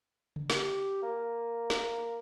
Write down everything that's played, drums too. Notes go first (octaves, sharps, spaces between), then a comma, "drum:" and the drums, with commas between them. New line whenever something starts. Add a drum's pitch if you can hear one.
drum: tom C#3
G4, drum: snare
A#3
drum: snare